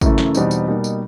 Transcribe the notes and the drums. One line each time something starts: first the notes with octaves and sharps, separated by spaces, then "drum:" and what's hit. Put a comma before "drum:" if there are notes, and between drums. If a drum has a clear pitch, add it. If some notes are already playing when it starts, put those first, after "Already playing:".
F#2 C#3 E3 A3, drum: kick, tambourine
drum: snare
E2 B2 G3 C4 D#4, drum: tambourine
drum: tambourine
B2 G3 A#3 D#4
drum: tambourine